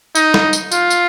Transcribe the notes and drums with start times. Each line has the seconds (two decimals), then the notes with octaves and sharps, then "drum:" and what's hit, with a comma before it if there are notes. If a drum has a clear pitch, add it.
0.15 D#4, drum: tambourine
0.34 drum: snare
0.53 drum: tambourine
0.72 F4, drum: tambourine
0.90 drum: tambourine